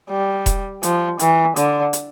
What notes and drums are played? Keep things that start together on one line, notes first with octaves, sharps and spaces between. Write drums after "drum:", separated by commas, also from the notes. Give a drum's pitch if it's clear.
G3
drum: kick E1, hi-hat
F3, drum: hi-hat
E3, drum: hi-hat
D3, drum: hi-hat
drum: hi-hat